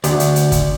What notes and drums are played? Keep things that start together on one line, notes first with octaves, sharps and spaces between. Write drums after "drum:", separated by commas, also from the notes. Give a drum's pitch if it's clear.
D2, drum: hi-hat
drum: hi-hat
drum: hi-hat
drum: kick, hi-hat